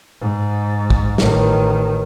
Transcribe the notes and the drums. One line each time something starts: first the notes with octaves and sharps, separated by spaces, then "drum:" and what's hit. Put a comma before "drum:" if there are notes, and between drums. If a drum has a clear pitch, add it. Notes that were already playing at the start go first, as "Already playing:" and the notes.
G#2
drum: kick
A1 D#3, drum: snare